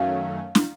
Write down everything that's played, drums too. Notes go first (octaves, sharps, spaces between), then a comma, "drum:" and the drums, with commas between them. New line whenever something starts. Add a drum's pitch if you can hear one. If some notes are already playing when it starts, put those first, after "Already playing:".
Already playing: F#2 D#3 F#3 A3 C#4 F5
drum: snare